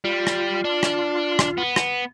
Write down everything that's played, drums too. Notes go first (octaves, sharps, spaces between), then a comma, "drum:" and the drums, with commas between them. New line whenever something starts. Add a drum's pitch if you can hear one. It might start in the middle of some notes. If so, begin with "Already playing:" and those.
G3 F4
drum: rim click
D4
drum: rim click
drum: rim click
B3
drum: rim click